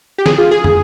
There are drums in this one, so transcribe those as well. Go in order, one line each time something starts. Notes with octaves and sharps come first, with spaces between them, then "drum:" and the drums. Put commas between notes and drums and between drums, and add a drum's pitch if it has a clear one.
G4
G#4, drum: snare
F4
G#4
drum: tom